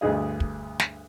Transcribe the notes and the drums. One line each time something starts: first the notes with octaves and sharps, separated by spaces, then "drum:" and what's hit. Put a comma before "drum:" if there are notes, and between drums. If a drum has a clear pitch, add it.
D2 G2 D3 G#4 D#5
drum: kick
drum: snare